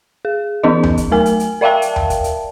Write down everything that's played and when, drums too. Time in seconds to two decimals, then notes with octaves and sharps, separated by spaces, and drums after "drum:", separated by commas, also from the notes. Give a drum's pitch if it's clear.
0.25 G#4
0.63 E3 B3 C#4 D#4 D#5
0.83 drum: tom D#2
0.97 drum: kick, hi-hat
1.11 F#3 A3 A#4 G#5
1.26 drum: hi-hat
1.40 drum: hi-hat
1.61 A#4 D5 E5 F5 G5 A5
1.82 drum: hi-hat
1.96 drum: tom D#2
2.10 drum: kick, hi-hat
2.24 drum: hi-hat